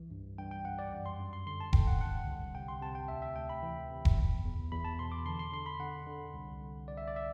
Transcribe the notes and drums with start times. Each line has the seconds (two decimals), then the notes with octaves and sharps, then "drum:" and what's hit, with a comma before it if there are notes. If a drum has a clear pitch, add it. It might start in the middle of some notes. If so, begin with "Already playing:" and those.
Already playing: C2 E3
0.10 G2
0.38 G2 G5
0.51 G5
0.64 G2 F#5
0.79 D5
0.92 F#2
1.06 C6
1.19 F#2
1.33 C6
1.47 D3 C6
1.60 A5
1.73 D3 G5, drum: kick E1
1.87 F#5
2.01 C2 F#5
2.28 C2
2.55 C3 G5
2.68 C6
2.81 C3 A5
2.95 G5
3.08 D2 E5
3.22 E5
3.36 D2 G5
3.49 B5
3.63 E3
3.90 C3
4.05 drum: kick E1
4.17 E2
4.45 E2
4.72 E2 B5
4.84 A5
4.99 B2 C6
5.12 D6
5.26 D3 C6
5.39 C6
5.52 D3 C6
5.66 B5
5.80 D3 F#5
6.07 D3
6.34 C2
6.61 C2
6.88 C2 D5
6.97 E5
7.08 D5
7.16 E5